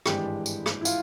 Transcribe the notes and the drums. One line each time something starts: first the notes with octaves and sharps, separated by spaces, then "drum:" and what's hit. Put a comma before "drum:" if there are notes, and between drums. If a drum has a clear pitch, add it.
G#1 G2 E3 G#3 G4, drum: rim click
drum: tambourine
drum: rim click
E4
F4, drum: tambourine